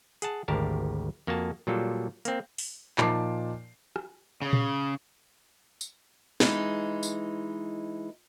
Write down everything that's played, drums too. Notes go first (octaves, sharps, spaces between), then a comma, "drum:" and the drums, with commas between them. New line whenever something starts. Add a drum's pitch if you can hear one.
G#4 F#5 A5, drum: hi-hat
G#1 D2 G4 A#4 A5
F2 A#3 F#4 G#5 A5
A#2 F#3 G3 F4 A4
A#3 C4, drum: hi-hat
drum: open hi-hat
A#2 F3 D#4 A5 D6 C7, drum: clap
drum: rim click
C#3
drum: tom A#2
drum: tambourine
E3 G#3 D#4, drum: snare
drum: tambourine